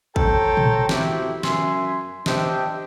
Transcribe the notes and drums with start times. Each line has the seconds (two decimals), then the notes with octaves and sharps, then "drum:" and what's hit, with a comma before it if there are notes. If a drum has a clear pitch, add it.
0.16 A4 C5 C#5 G5 A#5, drum: kick
0.57 drum: tom A2
0.89 C4 E4 F#4 G4, drum: snare
1.43 F#2 E5 G#5 C6, drum: snare
2.26 D4 G4 C5 D#5 E5 G5, drum: snare